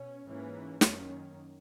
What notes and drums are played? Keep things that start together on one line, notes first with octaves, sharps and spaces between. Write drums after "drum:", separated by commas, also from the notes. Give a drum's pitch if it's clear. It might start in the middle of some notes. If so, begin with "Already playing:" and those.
Already playing: B2 C#4
G#2 E3 A#3 C#4
F#2 D#3 A#3 C#4, drum: snare